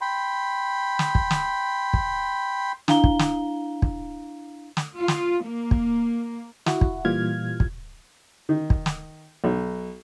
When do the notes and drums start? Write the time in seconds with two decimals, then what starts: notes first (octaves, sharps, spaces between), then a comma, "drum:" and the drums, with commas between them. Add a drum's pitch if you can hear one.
0.01 G5 B5 C6
0.99 drum: snare
1.15 drum: kick
1.31 drum: snare
1.93 drum: kick
2.88 D4 E4 F5 A#5 G7, drum: snare
3.04 drum: kick
3.19 drum: snare
3.82 drum: kick
4.77 drum: snare
4.97 F4
5.08 drum: snare
5.45 A#3
5.71 drum: kick
6.66 E4 F#4, drum: snare
6.81 drum: kick
7.05 A#2 E3 G3 F4 F6 G#6
7.60 drum: kick
8.49 D#3
8.70 drum: kick
8.86 drum: snare
9.44 B1